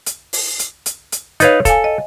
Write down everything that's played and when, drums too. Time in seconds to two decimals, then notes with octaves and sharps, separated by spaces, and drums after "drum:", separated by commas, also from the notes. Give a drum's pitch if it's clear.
0.06 drum: hi-hat
0.33 drum: open hi-hat
0.59 drum: hi-hat
0.86 drum: hi-hat
1.12 drum: hi-hat
1.40 D#4 B4 C#5 F5 G#6 A6, drum: hi-hat
1.65 A4 F5 G#5, drum: kick, hi-hat
1.84 D#5